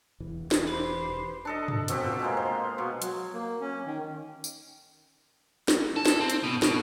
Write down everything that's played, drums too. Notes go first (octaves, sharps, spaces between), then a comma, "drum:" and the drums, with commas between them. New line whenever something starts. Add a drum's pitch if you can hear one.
E1 E3
drum: snare
G4 B4 C5
D4 A4 D#5
drum: tom
B2 C4 G4, drum: hi-hat
F4
B2 G#3 A#3
C5
B2
F#3, drum: hi-hat
A#3
C#4
D#3
drum: tambourine
drum: snare
A4
drum: snare
C4
drum: hi-hat
B2
B2, drum: snare